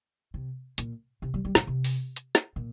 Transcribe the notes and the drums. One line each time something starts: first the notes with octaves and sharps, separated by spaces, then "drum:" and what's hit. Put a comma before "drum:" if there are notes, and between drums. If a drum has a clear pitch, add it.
C3
A#2, drum: hi-hat
C3
G3
G3
A#2, drum: snare
C3
drum: open hi-hat
drum: hi-hat
drum: snare
A#2